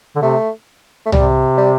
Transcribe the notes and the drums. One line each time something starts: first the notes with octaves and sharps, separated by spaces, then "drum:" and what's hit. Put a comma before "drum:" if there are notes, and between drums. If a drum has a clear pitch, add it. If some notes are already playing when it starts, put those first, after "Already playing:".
D3
C3 A3
A3
C3 G3, drum: tom C2
G3